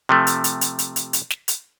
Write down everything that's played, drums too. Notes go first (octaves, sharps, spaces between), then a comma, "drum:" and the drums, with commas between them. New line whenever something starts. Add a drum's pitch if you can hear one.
C3 F3 A3
drum: hi-hat
drum: hi-hat
drum: hi-hat
drum: hi-hat
drum: hi-hat
drum: hi-hat
drum: snare
drum: hi-hat